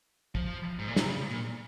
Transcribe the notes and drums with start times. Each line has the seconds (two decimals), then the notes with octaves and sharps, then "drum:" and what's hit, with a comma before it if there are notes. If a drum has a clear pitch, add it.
0.35 F3, drum: kick
0.79 G#2
0.88 A#2
0.96 C3, drum: snare
1.06 C#3
1.30 A#2